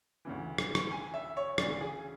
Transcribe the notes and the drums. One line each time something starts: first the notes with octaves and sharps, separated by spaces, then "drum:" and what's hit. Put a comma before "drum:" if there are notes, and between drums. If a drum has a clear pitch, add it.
D2 C#3 E3
drum: rim click
drum: rim click
G#5
E5
C#5
D2 C#3 E3 D5, drum: rim click
G#4